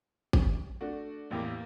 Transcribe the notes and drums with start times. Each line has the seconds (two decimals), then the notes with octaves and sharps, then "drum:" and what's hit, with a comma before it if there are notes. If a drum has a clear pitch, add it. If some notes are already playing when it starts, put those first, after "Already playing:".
0.33 drum: kick G#1
0.81 A3 D4 F#4
1.31 A1 E2 A#3 G4